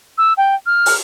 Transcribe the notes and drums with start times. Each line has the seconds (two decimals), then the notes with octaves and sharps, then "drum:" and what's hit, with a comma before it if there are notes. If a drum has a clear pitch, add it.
0.18 E6
0.37 G5
0.66 F6
0.86 drum: open hi-hat